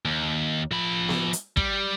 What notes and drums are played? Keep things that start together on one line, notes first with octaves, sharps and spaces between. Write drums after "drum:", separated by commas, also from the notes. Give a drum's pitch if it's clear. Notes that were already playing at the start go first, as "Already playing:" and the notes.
D#2
F3 B5
drum: snare B3
drum: hi-hat
G3, drum: kick